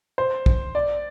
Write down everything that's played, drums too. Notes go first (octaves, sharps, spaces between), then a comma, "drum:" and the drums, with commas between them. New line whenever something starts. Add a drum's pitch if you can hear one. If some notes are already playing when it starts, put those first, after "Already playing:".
C5
drum: kick
D5